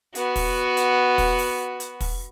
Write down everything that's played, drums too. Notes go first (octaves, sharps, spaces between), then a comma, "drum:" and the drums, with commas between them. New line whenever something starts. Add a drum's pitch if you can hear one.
B3 F#4, drum: hi-hat
drum: kick, open hi-hat
drum: hi-hat
drum: kick, open hi-hat
drum: open hi-hat
drum: hi-hat
drum: kick, open hi-hat